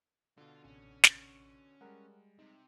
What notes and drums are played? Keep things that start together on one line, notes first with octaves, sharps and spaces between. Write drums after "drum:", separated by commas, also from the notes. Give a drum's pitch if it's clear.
B2 D3 F4
A1 C3 C#4
drum: snare
G3 G#3 A#4 F#5
C3 D#4